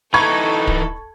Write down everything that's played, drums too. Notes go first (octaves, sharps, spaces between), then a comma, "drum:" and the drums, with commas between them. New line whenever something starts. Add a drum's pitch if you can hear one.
E3 D#4 A4 B5 C#6 G#6
drum: kick D1